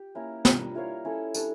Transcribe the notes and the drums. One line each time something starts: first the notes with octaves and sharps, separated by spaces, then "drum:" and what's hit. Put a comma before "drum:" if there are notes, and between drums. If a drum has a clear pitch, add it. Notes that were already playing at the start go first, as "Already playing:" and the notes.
Already playing: G4
A#3 C#4 E4 A#4
G3 D4 F4 A#4, drum: snare
E4 A#4 C#5 F5
C#4 E4 A4
G3 D4 A4 C#5, drum: tambourine